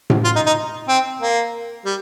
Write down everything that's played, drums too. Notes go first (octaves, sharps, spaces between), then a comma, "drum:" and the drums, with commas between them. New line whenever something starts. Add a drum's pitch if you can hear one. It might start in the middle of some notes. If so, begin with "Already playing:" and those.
drum: tom A2
F4
D#4
D#4
C4
A#3
G3